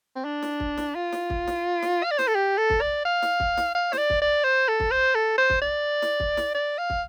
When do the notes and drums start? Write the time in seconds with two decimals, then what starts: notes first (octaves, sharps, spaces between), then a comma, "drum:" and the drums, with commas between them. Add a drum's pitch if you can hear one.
0.16 C4
0.25 D4
0.43 drum: snare
0.60 drum: kick
0.77 drum: snare
0.95 F4
1.12 drum: snare
1.30 drum: kick
1.47 drum: snare
1.82 drum: snare
2.04 F5
2.11 D5
2.19 C5, drum: snare
2.28 A4
2.35 G4
2.58 A4
2.70 drum: kick
2.81 D5
3.05 F5
3.22 drum: snare
3.40 drum: kick
3.57 drum: snare
3.75 F5
3.93 C5, drum: snare
3.98 D5
4.10 drum: kick
4.22 D5
4.44 C5
4.68 A4
4.80 drum: kick
4.91 C5
5.15 A4
5.38 C5
5.50 drum: kick
5.61 D5
6.02 drum: snare
6.20 drum: kick
6.37 drum: snare
6.54 D5
6.78 F5
6.90 drum: kick